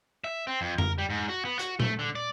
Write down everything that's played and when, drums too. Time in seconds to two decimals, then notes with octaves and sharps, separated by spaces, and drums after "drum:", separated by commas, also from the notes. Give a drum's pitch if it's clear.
0.24 E5
0.47 C4
0.61 F2
0.78 A#4, drum: tom F2
0.98 G3
1.10 G#2
1.29 F#4
1.45 B3
1.59 F#4, drum: hi-hat
1.80 A3, drum: tom A#2
1.99 D3
2.15 D5